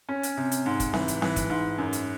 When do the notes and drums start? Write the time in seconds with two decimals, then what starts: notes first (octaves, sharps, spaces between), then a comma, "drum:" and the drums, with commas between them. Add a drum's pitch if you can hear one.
0.09 C#4
0.23 drum: hi-hat
0.37 C3
0.52 drum: hi-hat
0.66 G#2
0.80 drum: kick, hi-hat
0.94 E3, drum: snare C4
1.08 drum: hi-hat
1.22 E3, drum: snare C4
1.36 drum: kick, hi-hat
1.50 G#2
1.78 F#2
1.93 drum: hi-hat